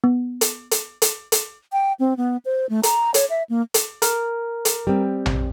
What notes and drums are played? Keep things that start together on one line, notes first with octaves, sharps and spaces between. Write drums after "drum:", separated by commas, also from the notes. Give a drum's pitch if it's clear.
B3
drum: hi-hat
drum: hi-hat
drum: hi-hat
drum: hi-hat
G5
C4
B3
C5
A3
A#5, drum: hi-hat
C#5, drum: hi-hat
E5
A#3
drum: hi-hat
A#4, drum: hi-hat
drum: hi-hat
G3 C4
drum: tom A#1